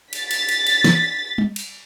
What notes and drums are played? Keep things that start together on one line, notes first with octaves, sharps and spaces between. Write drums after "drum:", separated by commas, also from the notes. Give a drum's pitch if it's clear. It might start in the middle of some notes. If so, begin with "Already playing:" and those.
A6 B6, drum: cymbal
drum: cymbal
drum: cymbal
drum: cymbal
drum: snare
drum: tom G3
drum: cymbal